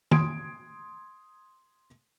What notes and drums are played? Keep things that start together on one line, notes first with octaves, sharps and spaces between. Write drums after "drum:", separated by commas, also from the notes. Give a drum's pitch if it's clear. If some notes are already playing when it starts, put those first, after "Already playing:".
C6 D#6 G#6 D7, drum: tom